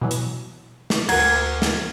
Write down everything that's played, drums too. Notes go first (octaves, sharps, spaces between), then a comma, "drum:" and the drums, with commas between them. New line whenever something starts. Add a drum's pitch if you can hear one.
B2 E3 F#3
drum: hi-hat
drum: snare
D2 A#4 F#5 A#5 G#6, drum: cymbal
drum: snare